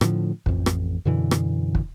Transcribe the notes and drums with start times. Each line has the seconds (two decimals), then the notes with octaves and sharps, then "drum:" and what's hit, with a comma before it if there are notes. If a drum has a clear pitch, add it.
0.01 A2 D3 F3, drum: rim click
0.46 A1 F2, drum: kick
0.66 drum: rim click
1.05 F#2 B2 D3 E3
1.31 drum: rim click
1.75 drum: kick